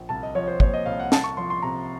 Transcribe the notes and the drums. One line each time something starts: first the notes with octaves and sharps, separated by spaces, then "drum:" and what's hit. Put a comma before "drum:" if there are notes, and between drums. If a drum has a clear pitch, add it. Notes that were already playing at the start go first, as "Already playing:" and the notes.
Already playing: A#1
C2 A5
D#5
F3 C#5
C5
A#2 C#5, drum: kick
D#5
C2 F5
F#5
C2 A5, drum: snare
C#6
F3 C6
C6
C3 A#5